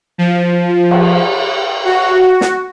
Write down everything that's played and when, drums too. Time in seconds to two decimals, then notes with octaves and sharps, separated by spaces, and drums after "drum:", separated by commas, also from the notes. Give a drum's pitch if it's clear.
0.18 F3
0.91 drum: cymbal
1.85 F#4
2.41 drum: snare